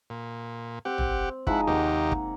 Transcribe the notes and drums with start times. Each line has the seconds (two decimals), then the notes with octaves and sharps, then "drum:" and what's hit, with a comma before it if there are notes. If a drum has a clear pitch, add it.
0.10 A#2
0.85 C4 G4 F#5
0.98 drum: tom
1.47 F3 G#3 D#4 E4 F#5, drum: kick
1.67 D#2 C3 A#3 D#4 G4 F#5
2.12 drum: kick